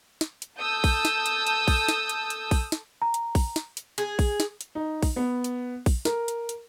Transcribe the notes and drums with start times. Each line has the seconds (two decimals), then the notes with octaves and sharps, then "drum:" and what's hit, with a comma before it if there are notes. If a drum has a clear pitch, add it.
0.21 drum: snare
0.42 drum: hi-hat
0.59 A4 A5 D#6 E6 G6
0.84 drum: kick A#1, open hi-hat
1.05 drum: snare
1.26 drum: hi-hat
1.47 drum: hi-hat
1.68 drum: kick A#1, open hi-hat
1.88 drum: snare
2.09 drum: hi-hat
2.30 drum: hi-hat
2.51 drum: kick A#1, open hi-hat
2.72 drum: snare
3.02 A#5
3.14 drum: hi-hat
3.35 drum: kick A#1, open hi-hat
3.56 drum: snare
3.77 drum: hi-hat
3.98 G#4, drum: hi-hat
4.19 drum: kick A#1, open hi-hat
4.40 drum: snare
4.61 drum: hi-hat
4.75 D#4
5.03 drum: kick A#1, open hi-hat
5.16 B3
5.44 drum: hi-hat
5.86 drum: kick A#1, open hi-hat
6.05 A#4, drum: snare
6.28 drum: hi-hat
6.49 drum: hi-hat